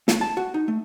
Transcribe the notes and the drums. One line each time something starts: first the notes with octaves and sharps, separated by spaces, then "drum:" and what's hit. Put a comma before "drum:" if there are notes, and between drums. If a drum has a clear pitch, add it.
A3, drum: snare
A5
F#4
D#4
A3